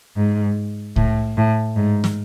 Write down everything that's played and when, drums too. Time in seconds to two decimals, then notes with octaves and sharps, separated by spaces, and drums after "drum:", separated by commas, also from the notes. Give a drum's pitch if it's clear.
0.16 G#2
0.96 A2, drum: kick C2
1.37 A2
1.76 G#2
2.04 drum: snare